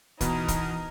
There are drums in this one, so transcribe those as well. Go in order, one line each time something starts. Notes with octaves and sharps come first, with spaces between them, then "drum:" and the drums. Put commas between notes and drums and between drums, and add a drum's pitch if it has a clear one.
B2 E3 D#4 A#4 B4, drum: kick, hi-hat
drum: kick, hi-hat